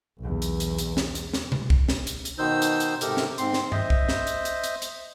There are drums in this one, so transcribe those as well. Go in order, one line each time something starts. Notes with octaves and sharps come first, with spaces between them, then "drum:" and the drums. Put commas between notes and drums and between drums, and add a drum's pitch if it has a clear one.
B1 E2
drum: hi-hat
drum: hi-hat
drum: hi-hat
drum: snare
drum: hi-hat
drum: snare
drum: tom B2
drum: kick
drum: snare
drum: hi-hat
drum: hi-hat
B2 D#3 D#4 C5 E6 G6
drum: hi-hat
drum: hi-hat
G#2 C3 G4 A4 A#4, drum: hi-hat
drum: snare
G#2 C4 C6, drum: hi-hat
drum: snare
C5 D#5 E5, drum: tom G2
drum: kick
drum: snare
drum: hi-hat
drum: hi-hat
drum: hi-hat
drum: hi-hat